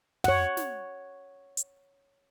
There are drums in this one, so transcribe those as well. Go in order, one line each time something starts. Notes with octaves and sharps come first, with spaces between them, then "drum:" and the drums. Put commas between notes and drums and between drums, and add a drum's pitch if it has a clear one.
C#5 F#5, drum: tom
drum: snare
drum: hi-hat